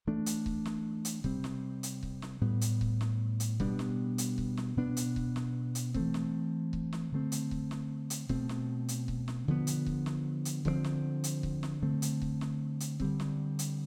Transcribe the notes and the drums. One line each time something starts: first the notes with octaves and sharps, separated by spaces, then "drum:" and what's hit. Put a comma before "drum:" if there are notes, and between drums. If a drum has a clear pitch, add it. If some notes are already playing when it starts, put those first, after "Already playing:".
E3 A3 D4
drum: hi-hat
drum: kick C#1
drum: snare
drum: hi-hat
C3 G3 C4, drum: kick C#1
drum: snare
drum: hi-hat
drum: kick C#1
drum: snare
A2 G3 B3
drum: hi-hat
drum: kick C#1
drum: snare
drum: hi-hat
B2 G3 B3 D4, drum: kick C#1
drum: snare
drum: hi-hat
drum: kick C#1
drum: snare
B2 B3 D4
drum: hi-hat
drum: kick C#1
drum: snare
drum: hi-hat
E3 A3 C4, drum: kick C#1
drum: snare
drum: kick C#1
drum: snare
D3 A3 C4
drum: hi-hat
drum: kick C#1
drum: snare
drum: hi-hat
B2 A3 C4, drum: kick C#1
drum: snare
drum: hi-hat
drum: kick C#1
drum: snare
D3 F3 B3
drum: hi-hat
drum: kick C#1
drum: snare
drum: hi-hat
D3 F3 A3 C4, drum: kick C#1
drum: snare
drum: hi-hat
drum: kick C#1
drum: snare
D3 A3 C4
drum: hi-hat
drum: kick C#1
drum: snare
drum: hi-hat
D3 G3 C4, drum: kick C#1
drum: snare
drum: hi-hat